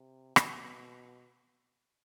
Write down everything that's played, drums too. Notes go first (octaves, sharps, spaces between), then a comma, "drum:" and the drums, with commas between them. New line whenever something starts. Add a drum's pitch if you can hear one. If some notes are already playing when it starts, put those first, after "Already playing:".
Already playing: C3
B2, drum: rim click